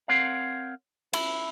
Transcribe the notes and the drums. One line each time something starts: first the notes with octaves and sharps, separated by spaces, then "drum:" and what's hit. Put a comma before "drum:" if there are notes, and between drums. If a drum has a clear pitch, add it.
C4 A#4 C#5 F5 F#5
E4, drum: cymbal